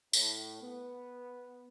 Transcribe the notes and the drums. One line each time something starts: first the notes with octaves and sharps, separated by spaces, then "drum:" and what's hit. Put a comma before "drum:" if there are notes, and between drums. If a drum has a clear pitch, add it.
A2, drum: tambourine
B3